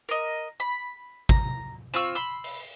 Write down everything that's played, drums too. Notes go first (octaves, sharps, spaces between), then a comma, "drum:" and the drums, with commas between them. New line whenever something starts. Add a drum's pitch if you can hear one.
A#4 D#5
B5
A#5, drum: kick G#1
C4 F4 C#6 E6
B5 C6 E6
drum: open hi-hat